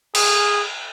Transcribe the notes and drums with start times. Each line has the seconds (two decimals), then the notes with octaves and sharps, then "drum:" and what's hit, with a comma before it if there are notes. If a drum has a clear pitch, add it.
0.15 G#4, drum: cymbal